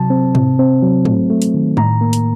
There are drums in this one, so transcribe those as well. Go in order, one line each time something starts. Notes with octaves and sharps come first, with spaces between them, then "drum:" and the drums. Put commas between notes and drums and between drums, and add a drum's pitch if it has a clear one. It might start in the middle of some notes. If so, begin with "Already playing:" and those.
Already playing: C3 F#3 A5
C4
C3, drum: tom G#2
C4
F#3
A3, drum: tom G#2
A3
drum: hi-hat
D#3
A2 A#5, drum: tom
A#3
drum: hi-hat